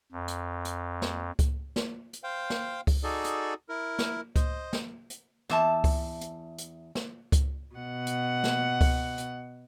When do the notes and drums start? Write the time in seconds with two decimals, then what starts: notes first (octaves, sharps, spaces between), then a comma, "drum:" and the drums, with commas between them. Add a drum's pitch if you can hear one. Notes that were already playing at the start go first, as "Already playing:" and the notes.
0.12 F2
0.28 drum: hi-hat
0.65 drum: hi-hat
1.02 drum: snare
1.39 drum: kick C#2, hi-hat
1.76 drum: snare
2.13 drum: hi-hat
2.23 C5 F5 G5
2.50 drum: snare
2.87 drum: kick C#2, open hi-hat
3.04 D#4 F#4 G#4 A4 D5
3.24 drum: hi-hat
3.69 E4 A#4
3.99 drum: snare
4.36 C5 D#5, drum: kick C#2, hi-hat
4.73 drum: snare
5.10 drum: hi-hat
5.49 E2 E5 A5, drum: snare
5.84 drum: kick C#2, open hi-hat
6.21 drum: hi-hat
6.58 drum: hi-hat
6.95 drum: snare
7.32 drum: kick C#2, hi-hat
7.75 B2 F#5
8.07 drum: hi-hat
8.44 drum: snare
8.81 drum: kick C#2, open hi-hat
9.18 drum: hi-hat